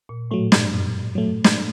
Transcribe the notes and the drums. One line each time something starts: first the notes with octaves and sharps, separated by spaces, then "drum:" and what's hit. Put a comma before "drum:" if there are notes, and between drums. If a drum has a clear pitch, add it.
A#2
A2 F#3 A3
G2, drum: snare
F#2 A#2
F#3 A3
drum: snare